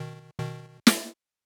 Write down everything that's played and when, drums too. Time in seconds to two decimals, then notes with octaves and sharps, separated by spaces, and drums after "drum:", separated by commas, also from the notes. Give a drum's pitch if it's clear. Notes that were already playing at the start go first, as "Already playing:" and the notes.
Already playing: B2 D#3
0.39 B2 D#3
0.87 drum: snare